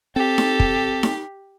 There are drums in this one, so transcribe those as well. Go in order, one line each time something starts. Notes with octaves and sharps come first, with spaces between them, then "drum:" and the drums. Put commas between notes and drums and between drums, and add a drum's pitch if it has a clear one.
C4 G4 A4
drum: snare D#4
drum: kick
drum: snare D#4